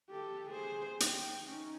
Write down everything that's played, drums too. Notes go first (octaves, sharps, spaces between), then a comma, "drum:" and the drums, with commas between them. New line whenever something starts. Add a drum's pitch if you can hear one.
G4 A4
G#4 C5
G5, drum: hi-hat
C#4 D#4